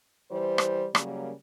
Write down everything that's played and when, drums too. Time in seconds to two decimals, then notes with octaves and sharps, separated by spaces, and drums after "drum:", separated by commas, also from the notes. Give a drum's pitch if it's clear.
0.31 E3 G3 C5
0.58 drum: rim click
0.95 C#3 F#3 G3 A#3, drum: rim click